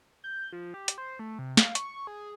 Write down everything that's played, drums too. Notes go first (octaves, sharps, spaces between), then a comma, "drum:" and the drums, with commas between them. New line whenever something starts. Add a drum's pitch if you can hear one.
G6
F3
G4
drum: hi-hat
C5
A3
C3
F5, drum: snare
C#6, drum: hi-hat
G#4